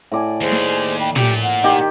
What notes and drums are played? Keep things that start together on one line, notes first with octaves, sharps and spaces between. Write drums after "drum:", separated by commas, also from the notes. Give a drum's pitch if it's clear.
A2 D5 G#5
D#2 G#4 C5
drum: snare
G5 B5
A#2 G4, drum: tom
F#5
D#3 G4